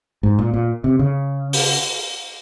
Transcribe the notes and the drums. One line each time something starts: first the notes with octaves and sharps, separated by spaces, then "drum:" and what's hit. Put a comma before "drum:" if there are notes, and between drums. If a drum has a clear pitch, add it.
G#2
A#2
A#2
C3
C#3
drum: open hi-hat